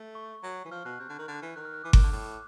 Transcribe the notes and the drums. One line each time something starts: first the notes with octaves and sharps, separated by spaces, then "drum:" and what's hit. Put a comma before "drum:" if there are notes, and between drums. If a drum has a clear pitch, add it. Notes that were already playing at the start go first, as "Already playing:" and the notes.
Already playing: A3
C#6
F#3
E3
F3 F6
B2 F#6
C3 G6
D3
D#3
D3
E3
D#3 F#6
F6
F#6
E3 D6
D#3, drum: kick G1
D3
A2